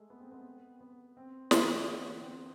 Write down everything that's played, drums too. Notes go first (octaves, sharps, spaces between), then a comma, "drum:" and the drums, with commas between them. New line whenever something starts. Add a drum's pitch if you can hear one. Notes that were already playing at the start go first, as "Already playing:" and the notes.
Already playing: G#3 A3 G#4 A4
B3
C4
B3
B3
C4
E3 E4, drum: snare
D3 D4
B3
C4